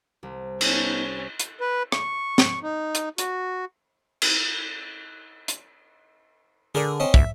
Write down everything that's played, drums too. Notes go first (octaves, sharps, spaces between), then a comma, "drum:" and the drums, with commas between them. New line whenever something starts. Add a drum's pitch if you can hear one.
C2
B3 C#4 D#4 A4, drum: cymbal
drum: hi-hat
B4
C#6, drum: rim click
drum: snare
D#4
drum: hi-hat
F#4, drum: hi-hat
drum: cymbal
drum: hi-hat
D3 G#4 A#4 D5
C4 C#4 D#5
D2 E5, drum: kick